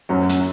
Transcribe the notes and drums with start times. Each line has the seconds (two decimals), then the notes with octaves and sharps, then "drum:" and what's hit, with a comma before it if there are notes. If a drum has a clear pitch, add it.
0.09 F#2 F#3 C#4 F#4
0.29 drum: hi-hat